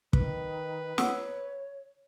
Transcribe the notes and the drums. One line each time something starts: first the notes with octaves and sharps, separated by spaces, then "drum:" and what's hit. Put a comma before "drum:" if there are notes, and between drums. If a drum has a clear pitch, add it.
D#3 B4, drum: kick
C#5 F#5 D#6 E6, drum: snare